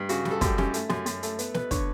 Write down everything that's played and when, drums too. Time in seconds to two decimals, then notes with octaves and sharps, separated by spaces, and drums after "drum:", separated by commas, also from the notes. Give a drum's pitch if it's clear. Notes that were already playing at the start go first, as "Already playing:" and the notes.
Already playing: G2
0.09 C#3 F#4, drum: hi-hat
0.25 G3, drum: snare
0.31 A4
0.41 F#2 G4, drum: kick, hi-hat
0.58 C#4 G4, drum: snare
0.74 A3, drum: hi-hat
0.90 F#2, drum: snare
1.06 F#2, drum: hi-hat
1.23 A3, drum: hi-hat
1.39 B3, drum: hi-hat
1.54 B3 B4, drum: snare
1.71 D3 C#5, drum: kick, hi-hat